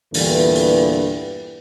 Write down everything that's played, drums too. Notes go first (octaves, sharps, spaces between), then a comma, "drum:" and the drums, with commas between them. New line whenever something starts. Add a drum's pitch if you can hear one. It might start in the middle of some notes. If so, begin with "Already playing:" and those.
E2 G2 A#2 D3 E3, drum: open hi-hat
drum: open hi-hat